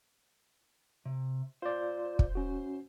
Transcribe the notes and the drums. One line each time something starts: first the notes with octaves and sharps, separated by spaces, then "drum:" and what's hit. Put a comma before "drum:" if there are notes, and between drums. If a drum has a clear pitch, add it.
C3
F4 C5 D5
drum: kick
C#4 F#4